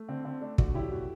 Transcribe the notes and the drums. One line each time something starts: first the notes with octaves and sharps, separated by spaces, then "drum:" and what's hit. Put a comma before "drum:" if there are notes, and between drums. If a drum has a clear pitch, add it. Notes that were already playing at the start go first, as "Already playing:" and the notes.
Already playing: A3
D3 C4
D3 C4
A3 D4
A3 D4 F#4, drum: kick
F#3 E4 G4
B2